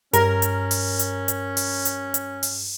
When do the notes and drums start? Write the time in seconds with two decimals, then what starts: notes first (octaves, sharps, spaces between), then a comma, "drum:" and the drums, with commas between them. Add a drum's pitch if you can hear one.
0.13 G2 C#4 A#4, drum: hi-hat
0.42 drum: hi-hat
0.71 drum: open hi-hat
0.99 drum: hi-hat
1.28 drum: hi-hat
1.57 drum: open hi-hat
1.85 drum: hi-hat
2.14 drum: hi-hat
2.43 drum: open hi-hat